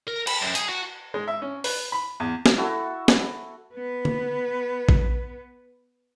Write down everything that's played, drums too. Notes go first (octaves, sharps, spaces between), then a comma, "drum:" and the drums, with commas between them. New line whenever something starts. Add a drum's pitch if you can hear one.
A#4
B5, drum: cymbal
F#2
G#4, drum: hi-hat
F#4
G#3
E5
C#4
B4, drum: open hi-hat
B5
E2
drum: snare
E4 F#4 A4 E6
drum: snare
B3 B4
drum: tom D3
drum: kick A#1